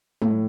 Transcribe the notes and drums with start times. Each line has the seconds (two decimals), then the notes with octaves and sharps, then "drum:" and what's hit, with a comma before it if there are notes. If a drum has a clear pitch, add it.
0.22 A2, drum: tom